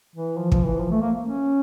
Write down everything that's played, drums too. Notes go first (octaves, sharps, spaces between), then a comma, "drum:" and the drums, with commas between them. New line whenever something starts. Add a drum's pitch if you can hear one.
E3
F3
F3, drum: kick
E3
F3
A3
A#3
C#4